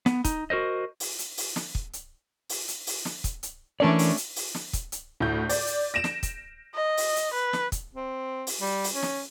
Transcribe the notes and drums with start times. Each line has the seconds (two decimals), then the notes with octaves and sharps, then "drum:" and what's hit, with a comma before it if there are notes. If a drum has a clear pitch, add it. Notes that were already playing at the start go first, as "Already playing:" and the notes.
0.06 B3, drum: snare
0.25 D#4, drum: kick, hi-hat
0.50 F#4 A#4 C5 D#5
1.00 drum: open hi-hat
1.19 drum: hi-hat
1.37 drum: open hi-hat
1.56 drum: snare
1.75 drum: kick
1.93 drum: hi-hat
2.49 drum: open hi-hat
2.68 drum: hi-hat
2.87 drum: open hi-hat
3.05 drum: snare
3.24 drum: kick, hi-hat
3.43 drum: hi-hat
3.80 E3 A3 C#4 D4 A#4 D5
3.99 drum: open hi-hat
4.17 drum: hi-hat
4.36 drum: open hi-hat
4.55 drum: snare
4.73 drum: kick, hi-hat
4.92 drum: hi-hat
5.20 D2 A2 G6
5.49 D5, drum: open hi-hat
5.67 drum: hi-hat
5.94 A#6 D7 E7
6.04 drum: snare
6.23 drum: kick, hi-hat
6.75 D#5
6.97 drum: open hi-hat
7.16 drum: hi-hat
7.34 B4
7.53 drum: snare
7.72 drum: kick, hi-hat
7.95 C4
8.47 drum: open hi-hat
8.61 G3
8.84 drum: open hi-hat
8.93 C#4
9.03 drum: snare